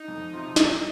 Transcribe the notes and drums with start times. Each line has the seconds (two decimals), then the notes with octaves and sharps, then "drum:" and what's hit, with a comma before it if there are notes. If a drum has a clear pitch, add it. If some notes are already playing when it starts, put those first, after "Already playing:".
Already playing: D#4
0.08 F2
0.33 C3 F3 C4 F4
0.56 G2, drum: snare